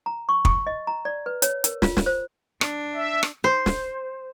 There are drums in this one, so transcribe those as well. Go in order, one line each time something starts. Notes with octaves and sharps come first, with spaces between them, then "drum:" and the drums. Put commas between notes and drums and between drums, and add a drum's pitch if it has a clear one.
A#5
C#6
C#6, drum: kick
D#5
A#5
D5
B4
C#5, drum: hi-hat
A#4, drum: hi-hat
F4, drum: snare
drum: snare
C5
D4, drum: rim click
E5
drum: rim click
C5
drum: snare